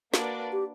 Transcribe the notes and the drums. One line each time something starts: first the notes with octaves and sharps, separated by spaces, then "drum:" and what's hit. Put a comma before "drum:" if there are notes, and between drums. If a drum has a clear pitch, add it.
A#3 D4 F#4 B4 D5, drum: snare
G4